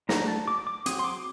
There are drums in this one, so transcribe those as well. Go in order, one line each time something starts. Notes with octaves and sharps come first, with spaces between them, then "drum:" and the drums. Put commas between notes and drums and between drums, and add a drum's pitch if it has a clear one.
F#3 A3 D4 A#5, drum: snare
A5
D6
D6
F#3 C4 D#6, drum: hi-hat
C6
D6